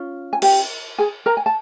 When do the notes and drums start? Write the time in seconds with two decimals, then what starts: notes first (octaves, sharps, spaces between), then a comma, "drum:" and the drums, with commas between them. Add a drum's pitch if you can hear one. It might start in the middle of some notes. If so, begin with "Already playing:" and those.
Already playing: C#4 F4
0.33 G#5
0.42 G4 G5, drum: cymbal
0.98 G#4 G#5
1.26 A#4 A#5
1.37 G#5
1.46 A5